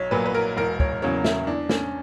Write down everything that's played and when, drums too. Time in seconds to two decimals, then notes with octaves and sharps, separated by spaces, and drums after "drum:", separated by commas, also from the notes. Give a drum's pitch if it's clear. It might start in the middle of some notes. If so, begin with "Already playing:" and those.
Already playing: B1 C#5
0.11 A#2 F#3 A#3 B4
0.26 B4
0.34 A#4
0.57 E1 A#4
0.80 C#5, drum: kick
1.02 E2 C#3 F#3 A#3 C#5
1.25 E4, drum: snare
1.47 E2 D4
1.69 C#4, drum: snare